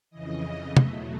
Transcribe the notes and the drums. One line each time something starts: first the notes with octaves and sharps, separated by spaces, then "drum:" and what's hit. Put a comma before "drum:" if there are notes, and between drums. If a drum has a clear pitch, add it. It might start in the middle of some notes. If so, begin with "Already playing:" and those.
F2 C#3 E3 D#5
E2 B2 F#3 A3 E5, drum: tom